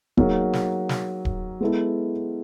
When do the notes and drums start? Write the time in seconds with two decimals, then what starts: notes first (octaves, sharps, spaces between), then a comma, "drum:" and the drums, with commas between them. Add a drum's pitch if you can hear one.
0.17 F#3 A#3 D#4 G#4, drum: kick D1
0.53 drum: snare
0.89 drum: snare
1.25 drum: kick D1
1.61 G#3 B3 E4 A4